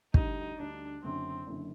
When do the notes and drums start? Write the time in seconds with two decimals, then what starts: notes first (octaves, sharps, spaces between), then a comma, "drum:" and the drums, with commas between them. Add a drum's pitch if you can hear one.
0.14 D2 D3 G3 D#4, drum: kick
0.58 D2 D3 G3 D4
1.03 F#1 F#2 D3 C4
1.47 F#1 F#2 D3